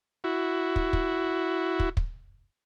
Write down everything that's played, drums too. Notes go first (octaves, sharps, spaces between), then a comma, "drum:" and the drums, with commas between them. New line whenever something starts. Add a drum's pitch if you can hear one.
E4 F#4
drum: kick
drum: kick
drum: kick
drum: kick